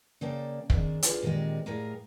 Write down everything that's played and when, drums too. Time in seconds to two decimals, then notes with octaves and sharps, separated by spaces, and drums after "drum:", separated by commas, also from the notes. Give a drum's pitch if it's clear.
0.21 C#3 A#3 D5 G5 A5
0.70 D#3 C4 D4 G#4, drum: kick
1.03 D4 F4 G#4 A4 B4 C5, drum: hi-hat
1.23 A#2 D#3 G3 G#3 C4
1.66 A2 G3 G#4 A#4 F5